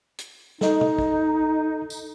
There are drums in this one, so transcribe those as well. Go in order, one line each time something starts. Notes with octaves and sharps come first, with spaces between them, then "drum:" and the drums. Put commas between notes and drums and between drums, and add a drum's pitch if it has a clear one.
drum: hi-hat
D#4 A4 D#5, drum: snare
drum: tom
drum: kick
drum: tambourine